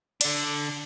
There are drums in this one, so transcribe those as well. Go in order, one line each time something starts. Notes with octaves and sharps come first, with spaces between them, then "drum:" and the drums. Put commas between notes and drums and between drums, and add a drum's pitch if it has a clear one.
D3 D4, drum: cymbal